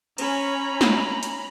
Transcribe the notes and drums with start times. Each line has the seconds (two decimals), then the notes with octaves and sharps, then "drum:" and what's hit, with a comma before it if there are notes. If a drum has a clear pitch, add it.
0.18 C#4 A#5 B5, drum: cymbal
0.81 drum: snare
1.23 drum: hi-hat